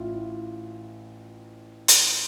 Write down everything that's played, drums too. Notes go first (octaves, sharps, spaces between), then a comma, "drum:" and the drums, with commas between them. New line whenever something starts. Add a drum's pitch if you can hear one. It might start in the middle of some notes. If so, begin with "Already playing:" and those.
Already playing: A1 A2 E4 F4
E4
drum: hi-hat